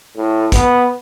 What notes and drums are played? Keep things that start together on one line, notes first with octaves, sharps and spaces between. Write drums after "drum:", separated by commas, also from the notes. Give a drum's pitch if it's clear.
A2
B3, drum: kick, hi-hat